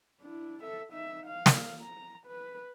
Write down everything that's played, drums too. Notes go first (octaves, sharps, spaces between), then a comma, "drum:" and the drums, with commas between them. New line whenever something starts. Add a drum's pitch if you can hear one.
D4 E4
A4 E5
D#4 E5
F5
drum: snare
A#5
B4